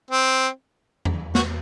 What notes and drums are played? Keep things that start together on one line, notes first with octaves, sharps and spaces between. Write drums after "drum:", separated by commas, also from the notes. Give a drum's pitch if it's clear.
C4
drum: tom E2
F#4, drum: snare